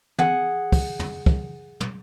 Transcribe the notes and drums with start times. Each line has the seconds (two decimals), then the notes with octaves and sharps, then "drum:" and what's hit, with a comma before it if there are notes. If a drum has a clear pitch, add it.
0.18 G#4 F#5, drum: tom
0.72 drum: kick, open hi-hat
0.99 drum: tom
1.26 drum: kick
1.80 drum: tom